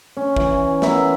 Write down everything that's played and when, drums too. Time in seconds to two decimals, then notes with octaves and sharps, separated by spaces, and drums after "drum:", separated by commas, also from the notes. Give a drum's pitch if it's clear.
0.17 C#4
0.36 E3, drum: kick
0.82 B3 A#4 E5 F#5, drum: snare